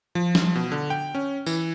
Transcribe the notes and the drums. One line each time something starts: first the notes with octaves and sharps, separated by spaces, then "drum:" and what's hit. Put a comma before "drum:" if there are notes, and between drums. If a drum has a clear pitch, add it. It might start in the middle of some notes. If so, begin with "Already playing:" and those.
F3
drum: snare
B2
D3
G5
C#4
E3, drum: tambourine